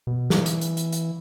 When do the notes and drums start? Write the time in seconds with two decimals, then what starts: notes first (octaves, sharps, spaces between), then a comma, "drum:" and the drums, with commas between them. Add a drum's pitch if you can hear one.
0.07 B2
0.30 E3, drum: snare
0.46 drum: hi-hat
0.61 drum: hi-hat
0.77 drum: hi-hat
0.92 drum: hi-hat